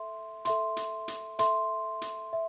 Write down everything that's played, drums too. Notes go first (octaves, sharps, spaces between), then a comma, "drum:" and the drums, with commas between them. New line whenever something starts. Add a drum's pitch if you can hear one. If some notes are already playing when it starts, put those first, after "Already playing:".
Already playing: A4 E5 C6
A4 E5 C6, drum: hi-hat
drum: hi-hat
drum: hi-hat
A4 E5 C6, drum: hi-hat
drum: hi-hat
E5